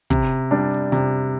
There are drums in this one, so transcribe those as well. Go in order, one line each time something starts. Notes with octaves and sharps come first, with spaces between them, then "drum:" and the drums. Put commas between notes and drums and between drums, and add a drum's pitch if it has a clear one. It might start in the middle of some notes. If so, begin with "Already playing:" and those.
C3, drum: kick
G3 D4
drum: hi-hat
C3, drum: snare